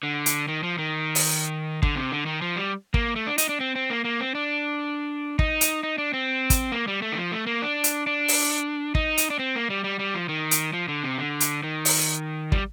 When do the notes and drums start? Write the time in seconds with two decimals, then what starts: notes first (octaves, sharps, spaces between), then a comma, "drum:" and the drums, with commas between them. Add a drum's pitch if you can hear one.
0.03 D3
0.26 drum: hi-hat
0.48 D#3
0.63 F3
0.78 D#3
1.15 drum: open hi-hat
1.82 D3, drum: kick
1.96 C3
2.12 D3
2.26 D#3
2.42 F3
2.56 G3
2.94 A#3, drum: kick
3.16 A3
3.27 D4
3.38 D#4, drum: hi-hat
3.49 D4
3.60 C4
3.75 C4
3.90 A#3
4.04 A#3
4.20 C4
4.35 D4
5.39 D#4, drum: kick
5.61 drum: hi-hat
5.83 D#4
5.98 D4
6.13 C4
6.50 drum: kick, hi-hat
6.72 A#3
6.88 G3
7.02 A3
7.12 D#3
7.17 F3
7.32 A3
7.47 A#3
7.62 D4
7.84 drum: hi-hat
8.07 D4
8.28 drum: open hi-hat
8.95 D#4, drum: kick
9.18 drum: hi-hat
9.30 D4
9.39 C4
9.55 A#3
9.70 G3
9.84 G3
9.99 G3
10.14 F3
10.29 D#3
10.51 drum: hi-hat
10.73 F3
10.88 D3
11.03 C3
11.18 D3
11.40 drum: hi-hat
11.63 D#3
11.85 drum: open hi-hat
12.52 G3, drum: kick